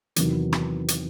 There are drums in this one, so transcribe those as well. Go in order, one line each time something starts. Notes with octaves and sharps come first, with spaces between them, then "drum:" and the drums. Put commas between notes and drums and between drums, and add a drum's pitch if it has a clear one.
E2 C3 D#3 F#3 B3, drum: hi-hat
drum: rim click
drum: hi-hat